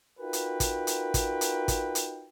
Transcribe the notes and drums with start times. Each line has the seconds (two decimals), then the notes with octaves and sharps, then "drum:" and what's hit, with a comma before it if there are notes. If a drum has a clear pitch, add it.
0.19 D#4 F4 F#4 A#4 B4 G5
0.33 drum: hi-hat
0.60 drum: kick, hi-hat
0.87 drum: hi-hat
1.14 drum: kick, hi-hat
1.41 drum: hi-hat
1.68 drum: kick, hi-hat
1.95 drum: hi-hat